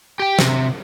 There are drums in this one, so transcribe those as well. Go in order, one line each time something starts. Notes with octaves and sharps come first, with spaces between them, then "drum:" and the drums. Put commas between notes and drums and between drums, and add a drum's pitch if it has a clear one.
G4 G5
C3, drum: snare